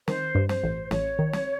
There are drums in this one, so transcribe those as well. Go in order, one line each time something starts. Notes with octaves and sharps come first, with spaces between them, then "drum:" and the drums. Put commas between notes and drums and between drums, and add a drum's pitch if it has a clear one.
D#3 C5, drum: snare
G2
C5, drum: snare
A1
A1 C#5, drum: snare
D#3
drum: snare